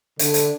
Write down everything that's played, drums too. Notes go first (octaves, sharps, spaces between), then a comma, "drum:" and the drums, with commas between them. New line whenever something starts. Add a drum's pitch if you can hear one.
D3, drum: hi-hat
drum: hi-hat